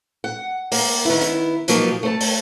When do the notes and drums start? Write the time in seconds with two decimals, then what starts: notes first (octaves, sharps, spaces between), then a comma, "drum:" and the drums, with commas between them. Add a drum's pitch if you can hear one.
0.24 F#5
0.72 A#3, drum: open hi-hat
1.05 D#3 B3 E4
1.21 drum: hi-hat
1.68 B2 F3 F#3 A#3 D#4 G4, drum: hi-hat
2.03 A3 C5 A5
2.20 drum: open hi-hat